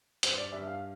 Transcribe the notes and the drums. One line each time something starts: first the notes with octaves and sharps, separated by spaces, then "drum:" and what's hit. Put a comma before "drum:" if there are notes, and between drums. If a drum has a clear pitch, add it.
G2 C5, drum: hi-hat
D5
G2 E5
F5